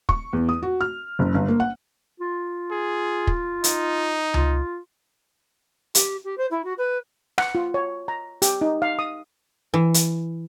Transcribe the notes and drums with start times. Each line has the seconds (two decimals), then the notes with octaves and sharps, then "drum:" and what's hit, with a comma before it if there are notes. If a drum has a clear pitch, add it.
0.09 C#6, drum: kick
0.33 E2
0.49 D#6
0.63 F#4
0.81 F6
1.19 F#1
1.34 G1
1.48 A#3
1.60 F#5
2.20 F4
2.71 G#4
3.27 drum: kick
3.64 D#4, drum: hi-hat
4.34 F4, drum: tom C#2
5.95 G4, drum: hi-hat
6.24 G4
6.37 C5
6.50 E4
6.64 F#4
6.78 B4
7.38 F#5, drum: rim click
7.55 F4
7.74 C#5
8.08 A#5
8.42 G4, drum: hi-hat
8.61 D#4
8.82 F5
8.99 D#6
9.74 E3
9.94 drum: hi-hat